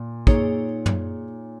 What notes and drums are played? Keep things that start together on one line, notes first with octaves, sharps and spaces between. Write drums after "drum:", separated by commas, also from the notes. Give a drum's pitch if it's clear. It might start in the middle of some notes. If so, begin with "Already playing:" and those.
Already playing: A#2
A#3 D#4 G#4 C#5, drum: kick
drum: tom